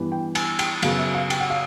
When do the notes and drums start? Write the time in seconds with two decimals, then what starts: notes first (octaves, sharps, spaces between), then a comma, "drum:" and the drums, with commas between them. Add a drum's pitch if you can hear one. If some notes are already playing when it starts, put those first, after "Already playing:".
Already playing: G2 E3 G3 B3
0.12 G5
0.35 G#5, drum: cymbal
0.59 G5, drum: cymbal
0.82 F#2 C#3 F#3 B3 F5, drum: cymbal
0.98 E5
1.15 F5
1.30 G5, drum: cymbal
1.40 F#5
1.50 F5